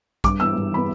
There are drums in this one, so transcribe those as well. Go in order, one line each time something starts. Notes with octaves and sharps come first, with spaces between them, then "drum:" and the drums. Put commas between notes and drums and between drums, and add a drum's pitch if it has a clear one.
G2 D6, drum: kick, hi-hat
E3 B3 E6
G2
E3 B3 B5